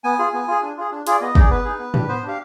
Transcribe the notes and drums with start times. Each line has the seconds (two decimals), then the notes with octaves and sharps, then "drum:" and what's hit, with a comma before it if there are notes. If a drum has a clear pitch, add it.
0.04 B3 G#5
0.19 F4 G#4
0.34 B3
0.48 F4 G#4
0.62 D4
0.77 F4 G#4
0.92 D4
1.07 F4 G#4 D5, drum: hi-hat
1.21 B3 D#5
1.35 D#4 G#4 D5, drum: kick
1.50 B3 B4
1.64 D#4 G#4
1.79 B3
1.94 D4 G4, drum: tom G#2
2.08 B3 C5
2.23 D4 G4 F5